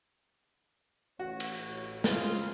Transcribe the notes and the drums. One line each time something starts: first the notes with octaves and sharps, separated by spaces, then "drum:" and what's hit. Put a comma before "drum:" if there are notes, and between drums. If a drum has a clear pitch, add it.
A1 F#4 C#5
drum: cymbal
C#3 G#3 C4 F4, drum: snare